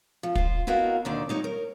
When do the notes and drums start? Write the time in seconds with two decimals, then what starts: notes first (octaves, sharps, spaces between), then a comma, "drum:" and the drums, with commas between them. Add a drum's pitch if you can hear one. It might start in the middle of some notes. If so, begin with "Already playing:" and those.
0.23 F3
0.35 F4 C5, drum: kick
0.67 B3 E4 F#4 A#4 D#5 F5
1.05 D#2 B2 D3 D#3 D5
1.29 G3 D#4 C#5
1.44 A#4